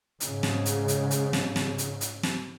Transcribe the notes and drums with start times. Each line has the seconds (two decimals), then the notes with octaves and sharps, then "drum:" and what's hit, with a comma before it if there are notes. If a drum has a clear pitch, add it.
0.20 G#2 C#3, drum: hi-hat
0.43 drum: snare
0.65 drum: hi-hat
0.88 drum: hi-hat
1.11 drum: hi-hat
1.33 drum: snare
1.56 drum: snare
1.78 drum: hi-hat
2.01 drum: hi-hat
2.23 drum: snare